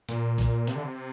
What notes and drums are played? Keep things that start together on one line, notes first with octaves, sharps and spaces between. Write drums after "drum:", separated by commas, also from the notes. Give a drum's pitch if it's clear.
A#2, drum: hi-hat
drum: kick A#1, open hi-hat
C3, drum: hi-hat
D3
C3